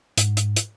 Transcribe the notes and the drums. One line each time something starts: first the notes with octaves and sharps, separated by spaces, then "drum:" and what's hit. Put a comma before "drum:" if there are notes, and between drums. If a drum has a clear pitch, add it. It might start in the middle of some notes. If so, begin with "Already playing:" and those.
G#2, drum: hi-hat
drum: hi-hat
drum: hi-hat